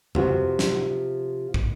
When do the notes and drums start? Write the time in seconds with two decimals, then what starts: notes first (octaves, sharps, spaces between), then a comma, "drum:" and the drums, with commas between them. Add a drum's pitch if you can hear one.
0.15 C3 F3 F#4, drum: tom F2
0.59 drum: snare
1.54 drum: kick